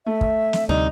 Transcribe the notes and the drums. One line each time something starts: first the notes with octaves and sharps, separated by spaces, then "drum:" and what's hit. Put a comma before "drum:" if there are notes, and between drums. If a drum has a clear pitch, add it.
A3 E5
drum: kick
drum: snare
D2 C3 G3 D#4 D5